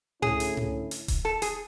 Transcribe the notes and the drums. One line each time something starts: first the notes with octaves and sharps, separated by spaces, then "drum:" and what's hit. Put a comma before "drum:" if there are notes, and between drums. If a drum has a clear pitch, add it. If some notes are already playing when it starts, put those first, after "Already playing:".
D3 A3 C#4 E4 G#4, drum: tom G#2
drum: hi-hat
drum: tom G#2
drum: hi-hat
drum: kick D#1, hi-hat
A4
G#4, drum: hi-hat